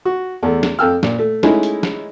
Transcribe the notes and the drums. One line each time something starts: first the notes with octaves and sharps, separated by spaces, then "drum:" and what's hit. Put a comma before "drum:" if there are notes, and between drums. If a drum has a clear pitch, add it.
F#4
E2 A3
drum: snare
F2 A4 G5 E6 F6
A#2, drum: snare
A3
G#3 A3 C#4 D#4 E4, drum: snare
drum: hi-hat
drum: snare